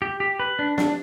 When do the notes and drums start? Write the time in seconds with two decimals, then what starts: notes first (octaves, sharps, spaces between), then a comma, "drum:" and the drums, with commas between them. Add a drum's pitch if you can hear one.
0.02 G4
0.20 G4
0.40 B4
0.59 D4
0.78 D4, drum: snare